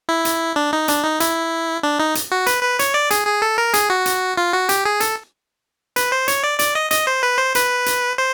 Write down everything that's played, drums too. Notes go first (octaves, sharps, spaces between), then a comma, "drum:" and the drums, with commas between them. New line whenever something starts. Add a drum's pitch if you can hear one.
E4
drum: hi-hat
D4
D#4
D4, drum: hi-hat
D#4
E4, drum: hi-hat
D4
D#4
drum: hi-hat
F#4
B4, drum: hi-hat
B4
C#5, drum: hi-hat
D5
G#4, drum: hi-hat
G#4
A4
A#4
G#4, drum: hi-hat
F#4
drum: hi-hat
F4
F#4
G4, drum: hi-hat
G#4
A4, drum: hi-hat
B4, drum: hi-hat
C5
C#5, drum: hi-hat
D5
D5, drum: hi-hat
D#5
D#5, drum: hi-hat
C5
B4
C5
B4, drum: hi-hat
drum: hi-hat
C5